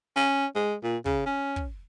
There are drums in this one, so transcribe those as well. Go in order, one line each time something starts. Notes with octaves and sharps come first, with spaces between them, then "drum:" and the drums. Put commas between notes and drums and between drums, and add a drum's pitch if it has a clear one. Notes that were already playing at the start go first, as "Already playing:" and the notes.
C#4
G#3
A#2
C#3, drum: kick
C#4
drum: kick